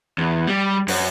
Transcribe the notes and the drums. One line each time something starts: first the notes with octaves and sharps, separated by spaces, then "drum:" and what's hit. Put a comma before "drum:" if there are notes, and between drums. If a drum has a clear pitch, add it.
E2
G3
F#2, drum: open hi-hat